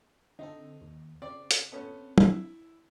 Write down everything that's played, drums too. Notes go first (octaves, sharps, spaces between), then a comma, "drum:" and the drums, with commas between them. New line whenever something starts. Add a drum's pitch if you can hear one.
D3 C4 D#4 A4
D#2
C#3 C4 D5 C6
drum: hi-hat
A3 B3 C#4
E4, drum: tom